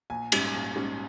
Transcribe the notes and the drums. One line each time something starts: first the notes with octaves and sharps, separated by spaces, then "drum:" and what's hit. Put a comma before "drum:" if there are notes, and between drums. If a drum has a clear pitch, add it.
A#1 G#5
G#2 G3 C#4, drum: cymbal
A#1
G#2 G3 C#4